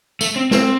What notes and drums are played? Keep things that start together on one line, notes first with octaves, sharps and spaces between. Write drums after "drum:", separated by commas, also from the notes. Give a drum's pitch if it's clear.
A3, drum: tambourine
C4
C4, drum: snare